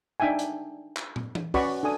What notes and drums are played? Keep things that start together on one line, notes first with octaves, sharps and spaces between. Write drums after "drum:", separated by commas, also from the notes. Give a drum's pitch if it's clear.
D4 D#4 E5 G5 G#5
drum: hi-hat
drum: clap
drum: tom
drum: tom E3
C#4 F#4 B4 D5 B5 C#6, drum: kick, open hi-hat
D4 A4 G#5 D#6